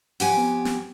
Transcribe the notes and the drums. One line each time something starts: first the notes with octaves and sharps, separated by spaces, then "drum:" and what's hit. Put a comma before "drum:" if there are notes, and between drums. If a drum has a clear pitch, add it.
F2 G4 F#5 G#5, drum: open hi-hat
B3
drum: snare